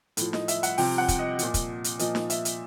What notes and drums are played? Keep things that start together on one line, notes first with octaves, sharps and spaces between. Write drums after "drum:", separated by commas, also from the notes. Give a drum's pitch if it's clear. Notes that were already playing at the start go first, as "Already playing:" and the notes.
A2 F3, drum: hi-hat
D#5, drum: snare
E5, drum: hi-hat
F#5, drum: hi-hat
C3 F3 G5, drum: open hi-hat
F#5
drum: kick, hi-hat
D#5
A#2 F3, drum: hi-hat
drum: kick, hi-hat
drum: hi-hat
A#2 F3 D#5, drum: hi-hat
drum: snare
E5, drum: hi-hat
drum: hi-hat